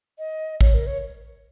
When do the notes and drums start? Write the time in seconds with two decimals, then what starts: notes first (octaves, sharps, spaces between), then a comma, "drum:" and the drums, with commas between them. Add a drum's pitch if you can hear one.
0.19 D#5
0.61 C#5, drum: kick
0.74 A#4
0.87 C#5